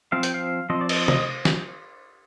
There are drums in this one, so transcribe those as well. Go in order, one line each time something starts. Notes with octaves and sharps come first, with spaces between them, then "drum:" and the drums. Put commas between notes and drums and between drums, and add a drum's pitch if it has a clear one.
F3 C4 F5
G5, drum: hi-hat
F5
F3 C4 D#5
D5
D#5, drum: cymbal
D#5, drum: tom C3
drum: snare